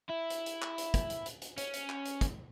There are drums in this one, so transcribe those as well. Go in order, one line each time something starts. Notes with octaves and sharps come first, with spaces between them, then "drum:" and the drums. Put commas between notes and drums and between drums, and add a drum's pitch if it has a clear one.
E4
drum: hi-hat
drum: hi-hat
drum: clap
drum: hi-hat
drum: kick, hi-hat
drum: hi-hat
drum: hi-hat
drum: hi-hat
C#4, drum: hi-hat
drum: hi-hat
drum: clap
drum: hi-hat
drum: kick, hi-hat